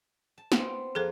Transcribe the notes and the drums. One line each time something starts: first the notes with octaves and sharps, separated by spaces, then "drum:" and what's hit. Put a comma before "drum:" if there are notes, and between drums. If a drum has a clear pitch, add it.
A5
B3 C4, drum: snare
F2 A#3 G#4 A4 C5